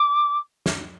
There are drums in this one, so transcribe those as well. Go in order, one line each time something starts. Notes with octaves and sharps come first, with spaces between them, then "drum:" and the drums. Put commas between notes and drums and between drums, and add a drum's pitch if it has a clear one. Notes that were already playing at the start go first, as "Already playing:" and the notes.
Already playing: D6
drum: snare